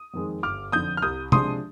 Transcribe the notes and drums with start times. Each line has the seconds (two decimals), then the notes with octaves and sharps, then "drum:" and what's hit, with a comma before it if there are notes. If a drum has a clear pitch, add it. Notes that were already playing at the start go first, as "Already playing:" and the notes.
Already playing: D#6
0.14 F2 D#3 G#3 C4
0.43 G1 D6 F6
0.72 F2 D3 D#6 G6
0.97 F6
1.02 C2 D#6 G6
1.32 C3 F3 G#3 D4 C6 D#6, drum: tom C3